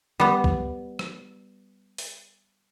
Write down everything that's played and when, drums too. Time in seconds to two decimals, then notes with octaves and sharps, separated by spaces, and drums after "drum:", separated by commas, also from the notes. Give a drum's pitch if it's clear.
0.20 G3 B3
0.44 drum: kick
0.99 drum: rim click
1.98 drum: open hi-hat